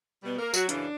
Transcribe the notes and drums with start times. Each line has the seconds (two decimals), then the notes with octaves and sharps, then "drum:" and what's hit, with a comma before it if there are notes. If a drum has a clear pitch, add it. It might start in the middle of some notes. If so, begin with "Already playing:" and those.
0.23 B2 G3 B3
0.38 A#3 A#4
0.54 F#3 F#4, drum: tambourine
0.69 F#2 C#3 E3 D4, drum: hi-hat